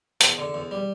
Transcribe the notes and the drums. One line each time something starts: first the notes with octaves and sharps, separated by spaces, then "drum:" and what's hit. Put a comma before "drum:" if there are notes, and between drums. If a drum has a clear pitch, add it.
E2, drum: hi-hat
D3
E2
G3